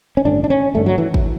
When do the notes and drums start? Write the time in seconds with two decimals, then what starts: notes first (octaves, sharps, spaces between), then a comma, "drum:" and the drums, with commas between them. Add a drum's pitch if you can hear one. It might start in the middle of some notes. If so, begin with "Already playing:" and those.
0.17 C#4
0.25 A1 G2 D3 D4
0.44 D4
0.50 C#4
0.74 A1 G2 D3 A3
0.86 F#3
0.98 E3
1.14 drum: kick